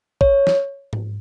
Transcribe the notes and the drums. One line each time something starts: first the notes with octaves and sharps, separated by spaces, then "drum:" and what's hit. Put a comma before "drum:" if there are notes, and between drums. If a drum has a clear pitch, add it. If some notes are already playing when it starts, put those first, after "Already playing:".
C#5, drum: kick A#1
drum: snare
drum: tom G#2